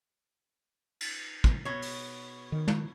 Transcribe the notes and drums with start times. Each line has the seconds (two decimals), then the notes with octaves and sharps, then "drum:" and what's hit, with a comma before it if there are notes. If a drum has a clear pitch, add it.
1.01 drum: cymbal
1.44 drum: kick
1.65 B2 C#5
1.82 drum: open hi-hat
2.52 D#3
2.68 drum: tom